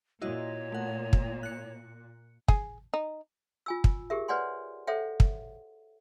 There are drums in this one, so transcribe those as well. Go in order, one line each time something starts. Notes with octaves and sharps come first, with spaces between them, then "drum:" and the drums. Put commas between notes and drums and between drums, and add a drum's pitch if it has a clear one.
A#2 E4 F#4 C#5 D#5
A3 F#5
drum: kick
F#6 C#7
G#4, drum: kick
D#4
F4 G#5 E6
drum: kick
G4 G#4 A#4 E5
B4 C#5 D5 F#5 G#5 C6
A4 C5 C#5 E5 F#5 G5
drum: kick